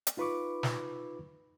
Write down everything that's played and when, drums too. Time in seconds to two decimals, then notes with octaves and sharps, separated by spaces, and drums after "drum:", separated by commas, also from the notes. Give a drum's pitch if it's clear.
0.07 drum: hi-hat
0.17 D#4 F4 B4 B5 C#6 D6
0.63 drum: snare